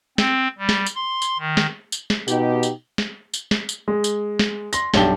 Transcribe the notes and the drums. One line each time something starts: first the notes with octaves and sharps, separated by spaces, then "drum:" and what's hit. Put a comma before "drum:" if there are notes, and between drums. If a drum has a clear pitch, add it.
C4, drum: snare
G3
drum: snare
drum: tambourine
C6
drum: tambourine
D#3
drum: snare
drum: tambourine
drum: snare
B2 D#4 G4, drum: tambourine
drum: tambourine
drum: snare
drum: tambourine
drum: snare
drum: tambourine
G#3
drum: tambourine
drum: snare
C6 A#6, drum: tambourine
B1 G2 G4 G5 A5 G7, drum: snare